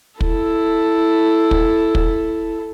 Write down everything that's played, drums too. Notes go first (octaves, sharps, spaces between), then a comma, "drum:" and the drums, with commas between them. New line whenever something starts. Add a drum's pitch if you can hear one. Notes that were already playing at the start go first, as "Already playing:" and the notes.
E4 A4, drum: kick
drum: kick
drum: kick